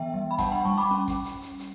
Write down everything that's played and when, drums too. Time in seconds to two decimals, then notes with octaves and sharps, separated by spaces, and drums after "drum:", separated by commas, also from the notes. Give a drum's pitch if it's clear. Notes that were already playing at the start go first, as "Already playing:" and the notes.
Already playing: E3 B3 E5 G5
0.14 G3
0.31 B5
0.39 D4 F#5 A5, drum: kick, hi-hat
0.52 G5 B5
0.65 G3 A5 C#6
0.78 B5 D6
0.91 C#4
1.08 drum: kick, hi-hat
1.25 drum: hi-hat
1.42 drum: hi-hat
1.59 drum: hi-hat